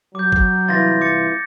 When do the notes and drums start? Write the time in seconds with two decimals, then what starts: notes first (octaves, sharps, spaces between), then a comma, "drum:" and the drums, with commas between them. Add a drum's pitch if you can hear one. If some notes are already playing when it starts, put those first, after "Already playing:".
0.15 F#3 D6 G6
0.32 drum: kick G1
0.69 C2 E3 F4 A6 A#6
1.01 D6 A6 C#7